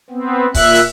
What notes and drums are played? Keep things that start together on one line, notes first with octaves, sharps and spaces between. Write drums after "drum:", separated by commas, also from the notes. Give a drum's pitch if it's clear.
B3 C4
A#2 E5 F#6, drum: kick C#1, open hi-hat
drum: hi-hat